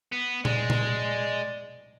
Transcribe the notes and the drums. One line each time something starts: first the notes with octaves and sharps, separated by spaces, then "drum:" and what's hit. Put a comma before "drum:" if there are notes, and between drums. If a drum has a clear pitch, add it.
B3
G#3 D5, drum: tom A#2
drum: tom A#2